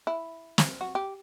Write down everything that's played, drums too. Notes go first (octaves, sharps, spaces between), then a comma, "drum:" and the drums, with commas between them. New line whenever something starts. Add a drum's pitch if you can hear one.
E4
drum: snare
F#4
G4